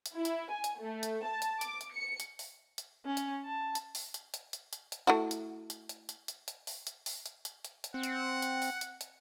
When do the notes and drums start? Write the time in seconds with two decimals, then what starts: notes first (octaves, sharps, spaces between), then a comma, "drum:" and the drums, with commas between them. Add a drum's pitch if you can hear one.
0.06 drum: hi-hat
0.16 E4
0.25 drum: hi-hat
0.51 G#5
0.64 drum: hi-hat
0.80 A3
1.03 drum: hi-hat
1.26 A5
1.42 drum: hi-hat
1.61 D6, drum: hi-hat
1.81 drum: hi-hat
1.95 C#7
2.20 drum: hi-hat
2.39 drum: open hi-hat
2.78 drum: hi-hat
3.05 C#4
3.17 drum: hi-hat
3.45 A5
3.75 drum: hi-hat
3.95 drum: open hi-hat
4.14 drum: hi-hat
4.34 drum: hi-hat
4.53 drum: hi-hat
4.73 drum: hi-hat
4.92 drum: hi-hat
5.07 A3 E4 F#4
5.31 drum: hi-hat
5.70 drum: hi-hat
5.89 drum: hi-hat
6.09 drum: hi-hat
6.28 drum: hi-hat
6.48 drum: hi-hat
6.67 drum: open hi-hat
6.87 drum: hi-hat
7.06 drum: open hi-hat
7.26 drum: hi-hat
7.45 drum: hi-hat
7.65 drum: hi-hat
7.84 drum: hi-hat
7.94 C4 F#5
8.03 drum: hi-hat
8.42 drum: hi-hat
8.62 drum: open hi-hat
8.81 drum: hi-hat
9.01 drum: hi-hat